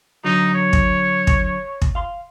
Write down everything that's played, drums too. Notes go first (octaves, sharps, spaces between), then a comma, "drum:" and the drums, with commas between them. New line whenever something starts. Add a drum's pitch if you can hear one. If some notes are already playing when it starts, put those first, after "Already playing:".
D3 F#3 D#4
C#5
drum: kick
drum: kick
drum: kick
F5 C6